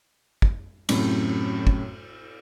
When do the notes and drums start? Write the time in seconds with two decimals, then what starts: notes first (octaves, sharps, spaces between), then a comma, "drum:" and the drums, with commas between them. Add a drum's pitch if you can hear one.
0.42 drum: kick
0.89 F#2 A2 C3, drum: cymbal
1.67 drum: kick